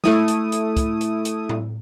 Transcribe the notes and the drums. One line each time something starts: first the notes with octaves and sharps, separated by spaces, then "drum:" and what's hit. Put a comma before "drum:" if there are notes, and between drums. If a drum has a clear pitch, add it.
A3 E4 D#6, drum: snare
drum: hi-hat
drum: hi-hat
drum: kick, hi-hat
drum: hi-hat
drum: hi-hat
drum: tom